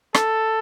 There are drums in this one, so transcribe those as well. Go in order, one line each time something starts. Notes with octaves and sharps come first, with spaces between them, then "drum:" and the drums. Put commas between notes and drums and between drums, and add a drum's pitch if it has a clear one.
A4, drum: rim click